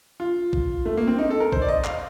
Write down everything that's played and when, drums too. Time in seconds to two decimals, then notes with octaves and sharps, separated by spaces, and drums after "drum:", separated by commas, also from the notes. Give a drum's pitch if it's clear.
0.20 F4
0.53 drum: kick A#1
0.85 A3
0.97 A#3
1.07 C4
1.18 D#4
1.30 A4
1.40 A#4
1.52 C5, drum: kick A#1
1.62 D5
1.68 D#5
1.84 F5, drum: clap